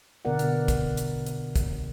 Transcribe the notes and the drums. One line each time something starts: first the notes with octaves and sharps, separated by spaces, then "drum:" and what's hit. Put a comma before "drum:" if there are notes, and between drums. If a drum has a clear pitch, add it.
B2 D3 B3 A#4 D5 F#5
drum: hi-hat
drum: kick, hi-hat
drum: hi-hat
drum: hi-hat
drum: kick, hi-hat